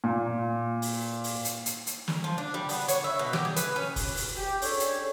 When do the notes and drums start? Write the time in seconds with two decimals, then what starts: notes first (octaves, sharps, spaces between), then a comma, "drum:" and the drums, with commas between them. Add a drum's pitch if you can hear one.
0.04 A#2
0.82 drum: open hi-hat
1.24 drum: open hi-hat
1.45 drum: hi-hat
1.66 drum: hi-hat
1.87 drum: hi-hat
2.08 drum: snare
2.24 F3
2.38 D4
2.54 G3
2.69 B3, drum: open hi-hat
2.88 C#5, drum: hi-hat
3.04 E5
3.19 B2
3.33 G4, drum: snare
3.45 G#4
3.56 B4, drum: hi-hat
3.76 C#4
3.96 drum: kick, open hi-hat
4.17 drum: open hi-hat
4.36 G4
4.62 C#4 D4 G#4 A4 C#5, drum: open hi-hat
4.80 drum: hi-hat